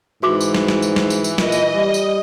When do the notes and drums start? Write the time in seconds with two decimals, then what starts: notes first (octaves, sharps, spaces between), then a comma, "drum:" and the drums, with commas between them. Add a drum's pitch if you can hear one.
0.23 G#2 E3 F#4 C6 D6
0.41 drum: tambourine
0.55 drum: snare
0.68 drum: snare
0.82 drum: tambourine
0.96 drum: snare
1.10 drum: tambourine
1.24 drum: tambourine
1.38 A#2 D#5, drum: snare
1.52 drum: tambourine
1.74 G3
1.94 drum: tambourine